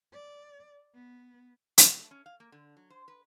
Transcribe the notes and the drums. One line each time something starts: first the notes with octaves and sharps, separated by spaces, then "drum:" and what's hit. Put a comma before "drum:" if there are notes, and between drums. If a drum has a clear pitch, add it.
D5
B3
C#3, drum: hi-hat
A3
C#4
F5
A#3
D3
F#3
C5
B4